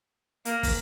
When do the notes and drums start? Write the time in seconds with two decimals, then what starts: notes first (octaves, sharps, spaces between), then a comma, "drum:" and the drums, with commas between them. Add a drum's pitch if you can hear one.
0.45 A#3, drum: hi-hat
0.63 drum: kick, open hi-hat